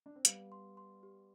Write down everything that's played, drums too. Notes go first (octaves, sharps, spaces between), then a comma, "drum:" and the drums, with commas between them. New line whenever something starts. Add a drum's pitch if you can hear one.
D4
C4
G3 B3 F5, drum: hi-hat
C6
C6
G4